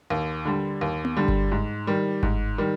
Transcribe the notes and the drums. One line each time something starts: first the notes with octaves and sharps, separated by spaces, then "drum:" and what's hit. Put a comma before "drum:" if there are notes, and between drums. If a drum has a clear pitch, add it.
D#2
D3 G3
D#2
drum: tom B3
D3 G3
drum: kick G1
G#2
D#3 G3
G#2, drum: kick G1
D#3 G3